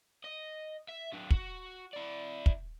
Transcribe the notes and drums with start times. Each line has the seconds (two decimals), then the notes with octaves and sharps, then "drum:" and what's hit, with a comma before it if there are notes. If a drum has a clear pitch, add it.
0.24 D#5
0.89 E5
1.12 F#3 D4
1.31 F#4, drum: kick
1.94 E4 D5
2.46 drum: kick